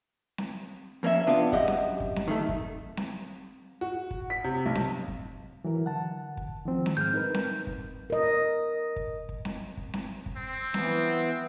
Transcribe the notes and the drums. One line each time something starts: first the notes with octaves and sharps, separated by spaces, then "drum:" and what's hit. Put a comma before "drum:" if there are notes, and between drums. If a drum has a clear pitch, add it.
drum: snare C4
F2 A#3 C#4 E5
C3 B3 D4 F4 F5
F#2 G4 D#5 E5 F#5, drum: kick
drum: snare C4
drum: kick
drum: snare C4
D#3 A3
drum: kick
drum: snare C4
F#4
drum: kick
B6
C3
B1
drum: snare C4
drum: kick
E3 F#3 A#4
D3 F#5 A5
drum: kick
D#3 F3 C4
drum: snare C4
G#2 G#3 F6 G6
D#4 A#4 B4
drum: snare C4
drum: kick
A#4 D#5
drum: kick
drum: kick
drum: snare C4
drum: kick
drum: snare C4
drum: kick
C4
E3 B3, drum: snare C4